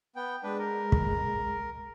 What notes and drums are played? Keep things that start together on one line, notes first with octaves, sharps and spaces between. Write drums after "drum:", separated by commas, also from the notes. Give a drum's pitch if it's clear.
B3 G5
G#3 D4 B4
A#4
drum: kick